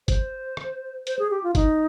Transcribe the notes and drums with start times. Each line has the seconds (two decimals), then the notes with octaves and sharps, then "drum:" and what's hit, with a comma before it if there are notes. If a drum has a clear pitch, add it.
0.08 C5, drum: kick F#1, hi-hat
0.57 drum: rim click
1.07 C5, drum: hi-hat
1.19 G#4
1.31 G4
1.43 F4
1.55 D#4, drum: kick F#1, hi-hat